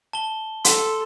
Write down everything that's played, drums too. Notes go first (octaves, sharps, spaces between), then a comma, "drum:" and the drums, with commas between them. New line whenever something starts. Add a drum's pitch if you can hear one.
A5 G7
A4 C6 E7, drum: hi-hat